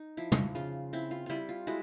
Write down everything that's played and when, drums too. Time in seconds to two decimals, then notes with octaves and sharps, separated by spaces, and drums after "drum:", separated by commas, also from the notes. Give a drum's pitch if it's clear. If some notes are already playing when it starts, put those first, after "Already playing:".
Already playing: D#4
0.17 F3 E4
0.32 drum: tom
0.55 C#3 F4
0.93 C4 E4
1.11 F4
1.26 G3 E4 F4
1.49 F4
1.67 G#3 E4 F#4